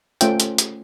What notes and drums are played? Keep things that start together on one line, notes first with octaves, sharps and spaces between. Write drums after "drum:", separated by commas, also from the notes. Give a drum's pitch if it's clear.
A3 C#4 F4 C5 E5 G5, drum: hi-hat
drum: hi-hat
drum: hi-hat